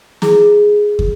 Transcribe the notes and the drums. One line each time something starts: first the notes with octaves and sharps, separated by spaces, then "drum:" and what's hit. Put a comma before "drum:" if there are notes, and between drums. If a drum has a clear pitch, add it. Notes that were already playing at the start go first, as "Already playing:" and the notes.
E4 G#4, drum: snare
drum: kick